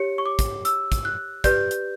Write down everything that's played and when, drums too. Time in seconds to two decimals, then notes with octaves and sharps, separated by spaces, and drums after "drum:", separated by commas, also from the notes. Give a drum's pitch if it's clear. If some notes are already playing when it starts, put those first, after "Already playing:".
Already playing: G4 C#5 C#7
0.18 C#6
0.25 D6
0.39 drum: kick, hi-hat
0.65 E6, drum: hi-hat
0.92 drum: kick, hi-hat
1.05 F#6
1.44 G4 B4 D5 G6, drum: kick, hi-hat
1.71 drum: hi-hat